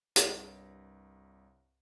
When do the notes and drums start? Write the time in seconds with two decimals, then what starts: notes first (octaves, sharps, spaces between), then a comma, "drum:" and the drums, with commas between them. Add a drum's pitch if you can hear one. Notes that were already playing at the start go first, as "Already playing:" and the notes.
0.16 C2 G2 C#5 F5 A#5 D7, drum: hi-hat